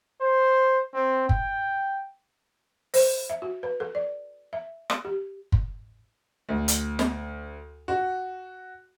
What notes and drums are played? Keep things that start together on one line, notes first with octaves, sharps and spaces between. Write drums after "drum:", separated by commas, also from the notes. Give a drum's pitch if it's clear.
C5
C4
G5, drum: kick
C5, drum: open hi-hat
E5
F#4
B4
A4
D5
E5
drum: rim click
G4
drum: kick
D2
drum: hi-hat
drum: snare
F#4